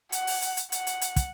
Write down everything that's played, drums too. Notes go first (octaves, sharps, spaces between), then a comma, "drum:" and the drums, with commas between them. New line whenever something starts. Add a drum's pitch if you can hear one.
F#5, drum: hi-hat
drum: open hi-hat
drum: hi-hat
drum: hi-hat
F#5, drum: hi-hat
drum: hi-hat
drum: hi-hat
drum: kick, hi-hat